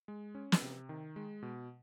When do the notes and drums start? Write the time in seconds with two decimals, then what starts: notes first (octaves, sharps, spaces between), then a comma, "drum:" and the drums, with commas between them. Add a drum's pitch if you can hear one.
0.08 G#3
0.35 C#4
0.52 drum: snare
0.62 C3
0.89 D#3
1.16 G#3
1.42 B2